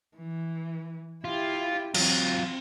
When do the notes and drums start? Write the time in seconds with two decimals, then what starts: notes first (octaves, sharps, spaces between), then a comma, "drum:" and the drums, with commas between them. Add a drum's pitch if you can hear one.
0.17 E3
1.24 E4 F4 G4
1.95 F#3 C4 F4, drum: cymbal